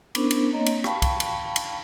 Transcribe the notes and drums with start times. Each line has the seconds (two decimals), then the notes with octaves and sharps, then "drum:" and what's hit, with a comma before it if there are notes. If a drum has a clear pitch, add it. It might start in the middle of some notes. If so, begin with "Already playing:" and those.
0.15 B3 C#4 D4 E4 A#4 C5, drum: cymbal
0.31 drum: cymbal
0.53 A#3 C4 D4 C#5 D#5 A#5
0.66 drum: cymbal
0.84 F5 G5 A5 B5 C#6, drum: rim click
1.02 drum: kick C2, cymbal
1.20 drum: cymbal
1.56 drum: cymbal